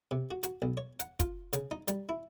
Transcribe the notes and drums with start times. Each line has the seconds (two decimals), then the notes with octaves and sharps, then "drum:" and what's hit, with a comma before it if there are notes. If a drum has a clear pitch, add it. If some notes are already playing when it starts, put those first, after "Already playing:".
0.11 C3
0.31 F#4
0.43 F#4, drum: hi-hat
0.62 B1
0.77 C#5
1.00 F#5, drum: hi-hat
1.20 F4, drum: kick, hi-hat
1.53 C#3, drum: hi-hat
1.71 D#4
1.88 G3, drum: hi-hat
2.09 E4